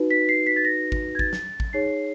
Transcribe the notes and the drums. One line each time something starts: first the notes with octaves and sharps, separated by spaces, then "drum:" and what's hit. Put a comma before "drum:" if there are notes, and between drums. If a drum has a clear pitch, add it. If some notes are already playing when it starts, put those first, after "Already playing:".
Already playing: D#4 F#4 B4
B6
C7
B6
A6
A#6
drum: kick G#1
G#6
A6, drum: kick G#1
drum: snare
drum: kick G#1
D#4 G#4 C#5 C7